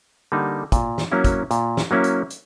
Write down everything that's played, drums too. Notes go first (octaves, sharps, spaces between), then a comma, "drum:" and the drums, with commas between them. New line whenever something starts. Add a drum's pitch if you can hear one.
D3 G3 A#3 D#4
A#2, drum: kick, hi-hat
drum: snare
F#3 A#3 C#4 E4
drum: kick, hi-hat
A#2, drum: hi-hat
drum: snare
F#3 A#3 C#4 E4
drum: hi-hat
drum: hi-hat